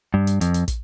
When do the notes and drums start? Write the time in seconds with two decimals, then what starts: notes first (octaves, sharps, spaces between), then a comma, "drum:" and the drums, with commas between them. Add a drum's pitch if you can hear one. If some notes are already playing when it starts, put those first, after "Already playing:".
0.14 G2
0.27 drum: hi-hat
0.41 F2, drum: hi-hat
0.54 drum: hi-hat
0.68 drum: kick, hi-hat